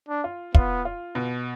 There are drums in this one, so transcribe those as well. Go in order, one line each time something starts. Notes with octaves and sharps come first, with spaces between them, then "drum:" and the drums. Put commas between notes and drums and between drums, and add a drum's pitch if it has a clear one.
D4
F4
B3 F4, drum: kick
F4
B2